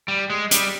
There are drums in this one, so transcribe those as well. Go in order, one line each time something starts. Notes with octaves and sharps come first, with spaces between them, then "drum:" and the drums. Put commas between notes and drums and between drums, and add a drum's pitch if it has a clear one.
G3
G#3
G3, drum: hi-hat